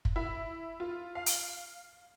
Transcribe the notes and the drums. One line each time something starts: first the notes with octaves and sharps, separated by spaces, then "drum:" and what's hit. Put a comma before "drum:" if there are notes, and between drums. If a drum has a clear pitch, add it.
drum: kick
E4
F4
F5
drum: hi-hat